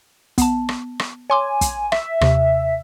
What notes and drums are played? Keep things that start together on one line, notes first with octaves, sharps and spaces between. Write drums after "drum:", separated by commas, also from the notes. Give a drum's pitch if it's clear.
B3 A5, drum: kick, hi-hat
drum: rim click
drum: rim click
C#5 G#5 C6 D6
drum: kick, hi-hat
E5, drum: rim click
D#2 C3, drum: rim click